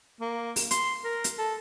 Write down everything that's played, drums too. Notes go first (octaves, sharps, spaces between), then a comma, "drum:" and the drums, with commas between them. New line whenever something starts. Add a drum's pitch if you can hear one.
A#3
drum: open hi-hat
C6, drum: hi-hat
A#4
drum: hi-hat
A4